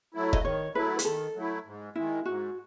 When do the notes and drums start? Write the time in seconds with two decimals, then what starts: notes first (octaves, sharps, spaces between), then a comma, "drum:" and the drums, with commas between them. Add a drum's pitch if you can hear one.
0.14 F#3 A3 E4
0.33 D#5, drum: kick F1
0.44 D#3 C#5
0.74 F#3 A3 E4 B4
0.99 B4, drum: hi-hat
1.05 D#3 A4
1.35 F#3 A3 E4
1.65 G#2
1.96 D#3 G#3 E4
2.26 G#2 F#4